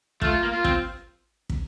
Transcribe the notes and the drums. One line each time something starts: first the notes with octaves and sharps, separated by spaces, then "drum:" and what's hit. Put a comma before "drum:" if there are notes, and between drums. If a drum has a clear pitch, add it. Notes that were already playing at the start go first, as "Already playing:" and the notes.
A3 F4, drum: kick
A#3
F4
C4, drum: kick
drum: kick